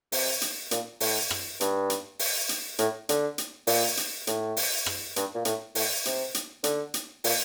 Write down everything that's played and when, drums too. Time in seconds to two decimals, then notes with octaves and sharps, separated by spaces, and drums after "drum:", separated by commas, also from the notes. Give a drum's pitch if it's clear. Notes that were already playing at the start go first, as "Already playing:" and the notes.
0.12 C3, drum: open hi-hat
0.41 drum: hi-hat
0.71 A#2, drum: hi-hat
1.00 A2, drum: open hi-hat
1.30 drum: rim click
1.61 G2, drum: hi-hat
1.90 drum: hi-hat
2.19 drum: open hi-hat
2.49 drum: hi-hat
2.79 A2, drum: hi-hat
3.09 D3, drum: hi-hat
3.38 drum: hi-hat
3.67 A#2, drum: open hi-hat
3.97 drum: hi-hat
4.27 A2, drum: hi-hat
4.57 drum: open hi-hat
4.86 drum: rim click
5.16 G2, drum: hi-hat
5.35 A#2
5.45 A2, drum: hi-hat
5.75 A2, drum: open hi-hat
6.05 C3, drum: hi-hat
6.34 drum: hi-hat
6.64 D3, drum: hi-hat
6.94 drum: hi-hat
7.24 A#2, drum: open hi-hat